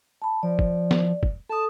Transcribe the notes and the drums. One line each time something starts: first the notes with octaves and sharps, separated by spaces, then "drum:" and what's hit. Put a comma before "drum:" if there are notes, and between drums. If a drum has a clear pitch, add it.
A5 B5
F3 D5
drum: kick
drum: snare
drum: kick
A4 A5 D#6